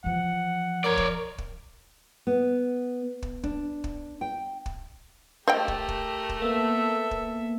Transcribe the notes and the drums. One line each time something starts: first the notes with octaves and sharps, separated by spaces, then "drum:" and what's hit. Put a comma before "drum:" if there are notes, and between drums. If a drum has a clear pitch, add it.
E3 F3 F#5
A#4 C#5 D5
drum: kick
drum: kick
B3
drum: kick
D4, drum: kick
drum: kick
G5
drum: kick
A3 G4 A#4 C5 D#5 G5
drum: kick
drum: kick
drum: kick
A#3 B3 A4 E5
drum: kick